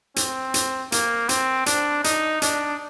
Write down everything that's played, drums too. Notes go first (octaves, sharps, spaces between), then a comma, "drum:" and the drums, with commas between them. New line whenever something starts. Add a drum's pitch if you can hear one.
C4, drum: hi-hat
drum: hi-hat
A#3, drum: hi-hat
C4, drum: hi-hat
D4, drum: hi-hat
D#4, drum: hi-hat
D4, drum: hi-hat